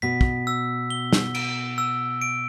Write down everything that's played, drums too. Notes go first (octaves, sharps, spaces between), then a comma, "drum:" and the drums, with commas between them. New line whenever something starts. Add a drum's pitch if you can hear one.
B2 B6
drum: kick
E6
G7
drum: snare
D7, drum: cymbal
E6
D7